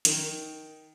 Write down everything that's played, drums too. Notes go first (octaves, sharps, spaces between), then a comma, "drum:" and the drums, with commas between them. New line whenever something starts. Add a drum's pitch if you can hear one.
D#3, drum: hi-hat